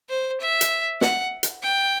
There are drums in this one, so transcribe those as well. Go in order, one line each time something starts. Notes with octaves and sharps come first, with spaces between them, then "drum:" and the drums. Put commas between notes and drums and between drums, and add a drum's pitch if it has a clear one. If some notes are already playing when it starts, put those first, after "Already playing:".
C5
E5
drum: hi-hat
F#5, drum: snare
drum: hi-hat
G5